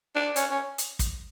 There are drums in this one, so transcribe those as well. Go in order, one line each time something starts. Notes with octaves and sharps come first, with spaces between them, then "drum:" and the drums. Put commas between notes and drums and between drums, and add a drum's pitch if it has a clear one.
D4
C#4, drum: hi-hat
C#4
drum: hi-hat
drum: kick, hi-hat